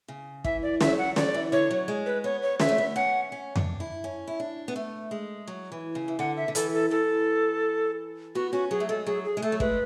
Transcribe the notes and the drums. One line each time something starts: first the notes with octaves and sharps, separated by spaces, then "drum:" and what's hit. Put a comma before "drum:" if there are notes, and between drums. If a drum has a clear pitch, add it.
C#3
E3 E5, drum: kick
D5
F#3 E5, drum: snare
F#5
F#3 D5, drum: snare
E3
D3 C#5
F#3
G#3
B4
B3 C#5
C#5
B3 E5, drum: snare
A3
B3
C#4 F#5
C#4
D4, drum: tom F2
E4
C#4
E4
D4
B3
A3
G#3
F#3
E3
C#3
E3
D3 F#5
E5
D3
E3 A4, drum: hi-hat
A4
E3 A4
B3 F#4
C#4 F#4
F#3 G#4
A3
G#3 A4
F#3 G#4
G#4
G#3
A3 A4
F#3
G#3 B4, drum: kick